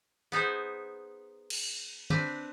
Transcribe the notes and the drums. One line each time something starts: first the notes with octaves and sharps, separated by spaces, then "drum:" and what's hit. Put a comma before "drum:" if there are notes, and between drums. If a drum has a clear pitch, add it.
B3 D#4 G#4 C5
drum: cymbal
C4 D4 B4, drum: tom D3